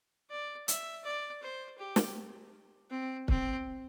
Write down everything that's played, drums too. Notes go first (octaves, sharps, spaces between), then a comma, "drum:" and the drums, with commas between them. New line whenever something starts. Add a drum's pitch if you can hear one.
D5
E5, drum: hi-hat
D5
C5
G4
drum: snare
C4
C4, drum: kick